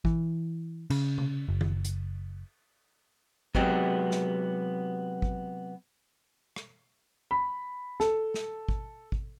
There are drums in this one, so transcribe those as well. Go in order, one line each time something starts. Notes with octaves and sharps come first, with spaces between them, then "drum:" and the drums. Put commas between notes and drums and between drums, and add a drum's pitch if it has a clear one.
E3, drum: kick G#1
C#3, drum: cymbal
drum: tom C3
F#1
drum: tom D#3
drum: hi-hat
C3 F#3 G#3 B3 G4, drum: kick G#1
drum: snare
drum: kick G#1
drum: rim click
B5
A4, drum: snare
drum: snare
drum: kick G#1
drum: kick G#1